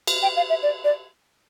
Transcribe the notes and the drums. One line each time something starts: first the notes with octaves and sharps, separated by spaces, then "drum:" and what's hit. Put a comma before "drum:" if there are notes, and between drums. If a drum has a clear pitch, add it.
drum: cymbal
G5
F5
E5
D5
D5